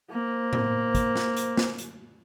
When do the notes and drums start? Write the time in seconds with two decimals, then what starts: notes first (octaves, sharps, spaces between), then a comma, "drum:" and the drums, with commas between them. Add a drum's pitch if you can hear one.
0.11 A#3 C5
0.53 drum: tom A2
0.95 drum: kick, hi-hat
1.16 drum: snare
1.37 drum: hi-hat
1.57 drum: snare
1.78 drum: hi-hat